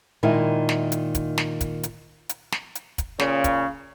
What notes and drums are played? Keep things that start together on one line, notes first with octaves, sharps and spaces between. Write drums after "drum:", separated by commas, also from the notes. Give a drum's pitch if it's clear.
A#2 D#3 G#3 D#4 E4
drum: snare
drum: hi-hat
drum: kick, hi-hat
drum: snare
drum: kick, hi-hat
drum: hi-hat
drum: hi-hat
drum: snare
drum: hi-hat
drum: kick, hi-hat
A#2 C#3, drum: snare
drum: kick, hi-hat